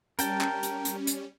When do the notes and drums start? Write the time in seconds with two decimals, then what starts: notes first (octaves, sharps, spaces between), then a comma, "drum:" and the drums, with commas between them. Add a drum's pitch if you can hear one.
0.19 G3 C#4 A#4 G5 A5, drum: hi-hat
0.41 drum: clap
0.63 drum: hi-hat
0.85 drum: hi-hat
1.07 drum: hi-hat